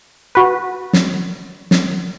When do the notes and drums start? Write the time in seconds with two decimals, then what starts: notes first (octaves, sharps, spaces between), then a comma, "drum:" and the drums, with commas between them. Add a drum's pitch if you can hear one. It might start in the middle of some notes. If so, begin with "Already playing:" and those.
0.35 F#4 B4
0.93 drum: snare
1.71 drum: snare